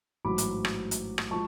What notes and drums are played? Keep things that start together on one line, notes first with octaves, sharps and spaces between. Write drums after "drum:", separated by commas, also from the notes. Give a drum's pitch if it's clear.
A1 G#2 F#3 B5 D6
drum: hi-hat
drum: rim click
drum: hi-hat
drum: rim click
F3 G#3 A5 C#6